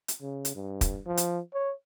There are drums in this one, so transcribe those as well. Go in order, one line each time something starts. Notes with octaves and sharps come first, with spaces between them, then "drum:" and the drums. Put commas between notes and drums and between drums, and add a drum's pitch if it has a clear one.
drum: hi-hat
C#3
drum: hi-hat
G2
drum: kick, hi-hat
F3
drum: hi-hat
C#5